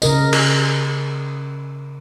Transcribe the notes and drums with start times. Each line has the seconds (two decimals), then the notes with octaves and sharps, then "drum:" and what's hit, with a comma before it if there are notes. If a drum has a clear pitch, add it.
0.02 C#3 A#4 D#5, drum: tambourine
0.33 drum: cymbal